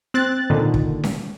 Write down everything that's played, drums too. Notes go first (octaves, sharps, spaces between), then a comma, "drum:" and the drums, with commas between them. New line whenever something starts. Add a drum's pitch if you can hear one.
C4 F#6 A6
A#2 D3 D#3
drum: kick
drum: snare C#4